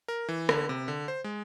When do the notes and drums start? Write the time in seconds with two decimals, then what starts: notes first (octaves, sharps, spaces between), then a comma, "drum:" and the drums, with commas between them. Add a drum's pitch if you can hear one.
0.08 A#4
0.29 E3
0.49 D3, drum: rim click
0.69 C3
0.88 D3
1.08 C5
1.24 G#3